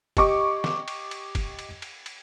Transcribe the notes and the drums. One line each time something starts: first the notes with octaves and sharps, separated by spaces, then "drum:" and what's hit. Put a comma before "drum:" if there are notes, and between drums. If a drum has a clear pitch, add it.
G4 D#5 C#6 D6, drum: kick, cymbal
drum: snare
drum: cymbal
drum: cymbal
drum: kick, cymbal
drum: cymbal
drum: cymbal
drum: cymbal